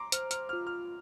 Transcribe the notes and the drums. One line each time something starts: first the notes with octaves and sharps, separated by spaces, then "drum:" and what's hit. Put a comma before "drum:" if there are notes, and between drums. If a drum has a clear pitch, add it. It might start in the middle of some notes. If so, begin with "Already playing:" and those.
Already playing: A#5 C6 D6
C5 F6, drum: hi-hat
F6, drum: hi-hat
F4 F6
F6